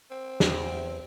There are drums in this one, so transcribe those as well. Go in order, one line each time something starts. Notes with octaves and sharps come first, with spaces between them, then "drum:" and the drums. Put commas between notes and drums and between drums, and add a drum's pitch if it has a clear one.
C4
E2, drum: snare